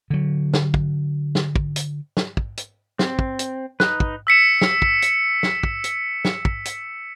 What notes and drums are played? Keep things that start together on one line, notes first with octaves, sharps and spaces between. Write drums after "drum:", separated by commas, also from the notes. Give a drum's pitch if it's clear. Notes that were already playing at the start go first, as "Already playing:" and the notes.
D3 F#3
drum: snare
drum: kick
drum: snare
drum: kick
drum: hi-hat
drum: snare
drum: kick
drum: hi-hat
C4, drum: snare
drum: kick
drum: hi-hat
D#4 B4 F#6, drum: snare
drum: kick
E6 B6 C#7 E7
drum: snare
drum: kick
drum: hi-hat
drum: snare
drum: kick
drum: hi-hat
drum: snare
drum: kick
drum: hi-hat